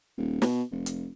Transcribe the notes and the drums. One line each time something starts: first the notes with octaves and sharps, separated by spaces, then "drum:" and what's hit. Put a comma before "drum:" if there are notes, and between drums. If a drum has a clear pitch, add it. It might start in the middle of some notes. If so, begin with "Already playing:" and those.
D#1
B2, drum: snare
F1
drum: hi-hat